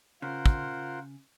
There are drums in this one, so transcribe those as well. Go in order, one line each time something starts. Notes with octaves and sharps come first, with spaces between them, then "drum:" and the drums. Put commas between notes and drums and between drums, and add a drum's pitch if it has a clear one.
C#3 F4 A#4 C5 F#5
drum: kick